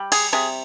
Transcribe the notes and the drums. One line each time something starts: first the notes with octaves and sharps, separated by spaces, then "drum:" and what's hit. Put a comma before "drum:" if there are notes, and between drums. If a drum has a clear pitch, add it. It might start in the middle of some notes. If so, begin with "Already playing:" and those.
Already playing: G3
G#4, drum: cymbal
C3 G#4